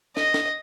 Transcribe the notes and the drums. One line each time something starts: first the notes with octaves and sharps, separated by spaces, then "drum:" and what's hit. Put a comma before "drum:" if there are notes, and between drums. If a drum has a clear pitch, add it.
D#5, drum: snare
drum: snare